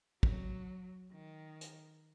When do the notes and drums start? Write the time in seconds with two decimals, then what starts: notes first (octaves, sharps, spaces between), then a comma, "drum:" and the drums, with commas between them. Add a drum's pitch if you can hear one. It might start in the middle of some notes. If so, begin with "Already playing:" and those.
0.23 F#3, drum: kick
1.13 D#3
1.61 drum: hi-hat